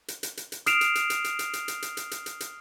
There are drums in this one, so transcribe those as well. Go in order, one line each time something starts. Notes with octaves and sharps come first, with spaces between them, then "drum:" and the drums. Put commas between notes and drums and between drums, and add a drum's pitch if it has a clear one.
drum: hi-hat
drum: hi-hat
drum: hi-hat
drum: hi-hat
D#6 F6 C7 D7 E7 F7, drum: hi-hat
drum: hi-hat
drum: hi-hat
drum: hi-hat
drum: hi-hat
drum: hi-hat
drum: hi-hat
drum: hi-hat
drum: hi-hat
drum: hi-hat
drum: hi-hat
drum: hi-hat
drum: hi-hat